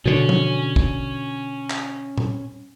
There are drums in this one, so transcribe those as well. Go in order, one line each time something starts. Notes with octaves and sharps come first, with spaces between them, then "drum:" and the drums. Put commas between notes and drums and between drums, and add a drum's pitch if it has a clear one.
B2 D3 C#4 C#5
drum: tom
drum: kick
drum: clap
drum: tom A#2